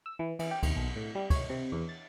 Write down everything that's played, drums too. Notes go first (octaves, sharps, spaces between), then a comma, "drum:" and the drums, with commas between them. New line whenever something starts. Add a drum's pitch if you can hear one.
E6
E3
E3, drum: cymbal
G4
D#2, drum: kick, cymbal
B1
A2
G3
C#5, drum: kick, cymbal
C3
E2
A6